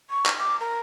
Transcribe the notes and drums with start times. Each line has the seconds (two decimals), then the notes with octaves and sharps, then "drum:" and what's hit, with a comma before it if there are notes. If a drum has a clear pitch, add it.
0.10 C#6
0.26 drum: clap
0.39 D6
0.60 A#4